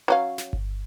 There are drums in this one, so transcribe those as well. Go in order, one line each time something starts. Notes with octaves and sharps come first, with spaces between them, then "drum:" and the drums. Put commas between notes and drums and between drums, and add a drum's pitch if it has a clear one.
F#3 C#4 F5
drum: snare
drum: kick G1